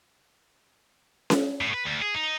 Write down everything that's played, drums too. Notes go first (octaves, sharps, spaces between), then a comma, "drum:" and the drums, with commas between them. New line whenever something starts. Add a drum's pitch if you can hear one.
drum: snare C#4
A2
B4
D2
G#4
D#4